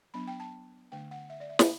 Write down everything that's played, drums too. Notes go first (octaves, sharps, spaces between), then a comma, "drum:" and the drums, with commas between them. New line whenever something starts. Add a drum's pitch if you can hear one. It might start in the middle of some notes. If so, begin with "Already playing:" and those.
F#3 B3 D4 B5
G5
A5
D3 A3 D4 G5
F#5
E5
D5
E5
B5, drum: snare